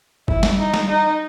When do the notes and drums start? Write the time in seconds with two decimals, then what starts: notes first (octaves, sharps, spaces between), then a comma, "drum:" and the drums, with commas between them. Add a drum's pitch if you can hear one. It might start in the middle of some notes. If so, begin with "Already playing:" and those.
0.28 E4, drum: kick G1
0.43 drum: snare G3
0.58 D#4
0.74 drum: snare G3
0.88 D#4